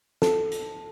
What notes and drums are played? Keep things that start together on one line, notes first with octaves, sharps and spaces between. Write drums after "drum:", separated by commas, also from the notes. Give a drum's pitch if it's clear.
A4, drum: snare
drum: hi-hat